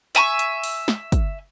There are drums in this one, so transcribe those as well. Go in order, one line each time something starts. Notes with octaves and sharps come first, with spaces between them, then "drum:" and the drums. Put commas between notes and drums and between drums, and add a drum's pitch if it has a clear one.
E5 G#5 A#5 C#6, drum: hi-hat
drum: hi-hat
drum: open hi-hat
drum: snare
drum: kick, hi-hat